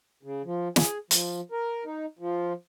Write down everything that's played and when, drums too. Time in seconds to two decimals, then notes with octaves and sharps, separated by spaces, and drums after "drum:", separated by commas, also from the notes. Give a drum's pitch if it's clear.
0.23 C#3
0.45 F3
0.76 G#4, drum: snare
1.11 F3, drum: hi-hat
1.52 A#4
1.85 D#4
2.19 F3